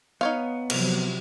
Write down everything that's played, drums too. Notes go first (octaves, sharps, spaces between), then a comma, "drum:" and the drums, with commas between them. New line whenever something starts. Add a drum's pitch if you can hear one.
B3 D#4 C#5 F5
C3 F3 F#3, drum: cymbal